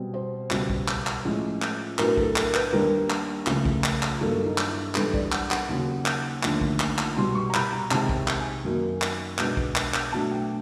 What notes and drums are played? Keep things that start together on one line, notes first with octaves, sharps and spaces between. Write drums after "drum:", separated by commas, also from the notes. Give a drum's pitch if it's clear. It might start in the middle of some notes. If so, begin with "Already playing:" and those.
Already playing: B2 G3 C4
C5
C#2 B2 G3, drum: clap
drum: kick A#1
drum: clap
drum: clap
A2 F3 G#3 C#4
drum: clap
A2 F#3 B3 D4 A#4, drum: clap
A4, drum: kick A#1
A#4, drum: clap
B4, drum: clap
D#2 D#3 G3 A#3 D4 A#4
drum: clap
C#2 C#3 F3 A3, drum: clap
drum: kick A#1
drum: clap
drum: clap
G2 D#3 F#3 A#3 D4 A4
D#4
drum: clap
E4
G#2 E3 G3 B3 D4 A4, drum: clap
D5, drum: kick A#1
F#5, drum: clap
F#5, drum: clap
D#2 C#3 F#3
drum: clap
D#2 D3 F3 A3, drum: clap
drum: kick A#1
drum: clap
drum: clap
C2 B2 G3 C6
C#6
A#5
B5, drum: clap
A#5
C3 D#3 G#3 C4 A5, drum: clap
drum: kick A#1
drum: clap
G#5
F#2 D#3 F#3 A#3
drum: clap
B2 G#3 B3 D4, drum: clap
drum: kick A#1
drum: clap
drum: clap
B2 F#3 A3 D4 A5
G5